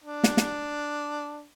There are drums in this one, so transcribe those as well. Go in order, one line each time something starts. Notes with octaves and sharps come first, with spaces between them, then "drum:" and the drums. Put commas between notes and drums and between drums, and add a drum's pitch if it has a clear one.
D4
drum: snare
drum: snare